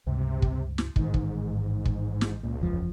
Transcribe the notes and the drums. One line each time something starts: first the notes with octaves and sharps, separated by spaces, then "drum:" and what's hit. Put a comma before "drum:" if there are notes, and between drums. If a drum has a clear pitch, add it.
C#2 G2 C3
drum: kick
drum: snare
A1 G#2 D#3, drum: kick
drum: kick
drum: kick
drum: snare
C#2 A#2
F#1 E2 F3